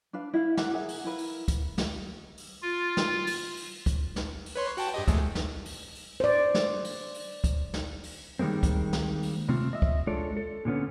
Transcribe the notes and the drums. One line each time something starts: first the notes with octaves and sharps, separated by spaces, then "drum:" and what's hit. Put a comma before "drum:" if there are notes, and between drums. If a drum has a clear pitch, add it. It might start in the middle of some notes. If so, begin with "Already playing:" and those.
D4 B4 F5
E4 E5 F5
G4 F#5, drum: snare
G#4 A#4 E5 F#5
drum: open hi-hat
E4 A#4 B4 F5
drum: open hi-hat
drum: kick, hi-hat
drum: snare
drum: open hi-hat
F4
drum: snare
drum: open hi-hat
drum: open hi-hat
drum: kick, hi-hat
drum: snare
drum: open hi-hat
B4 C#5 C6
F#4 G5 A5, drum: open hi-hat
G2 G4 D#5
E2 G#3 A3, drum: kick, hi-hat
drum: snare
drum: open hi-hat
drum: open hi-hat
C5 D5
drum: snare
drum: open hi-hat
drum: open hi-hat
drum: kick, hi-hat
drum: snare
drum: open hi-hat
D#3 G3 G#3 A#3 C4
drum: kick, hi-hat
drum: snare
drum: open hi-hat
C3 A3 C4 F4
D#5 E5
drum: kick
G#3 D4 F4 A4 C#5 D5
A4
A#2 D3 B3 C#4